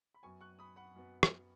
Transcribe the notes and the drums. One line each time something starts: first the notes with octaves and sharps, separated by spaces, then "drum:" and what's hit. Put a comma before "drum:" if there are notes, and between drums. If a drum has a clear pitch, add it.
B5
F#2 F#3 B3 G#5 C#6
C#6 F#6
B5 D#6
F#5 B5
F#2 F#3 B3
drum: rim click